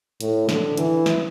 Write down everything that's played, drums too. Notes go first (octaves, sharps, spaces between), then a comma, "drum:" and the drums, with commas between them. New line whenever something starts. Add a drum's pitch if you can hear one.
A2, drum: hi-hat
D3, drum: snare
E3, drum: hi-hat
drum: snare